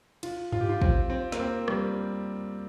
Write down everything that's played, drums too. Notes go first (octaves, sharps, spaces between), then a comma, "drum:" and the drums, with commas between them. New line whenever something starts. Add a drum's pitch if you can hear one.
F4, drum: cymbal
F4, drum: tom G2
G4
F4
C4, drum: kick
C4
A#3, drum: snare
C4
G3, drum: rim click